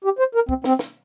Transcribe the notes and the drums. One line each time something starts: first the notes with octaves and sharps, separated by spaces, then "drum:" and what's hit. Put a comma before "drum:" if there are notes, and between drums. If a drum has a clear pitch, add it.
G4
C5
A#4
C4, drum: kick
C4, drum: snare
drum: snare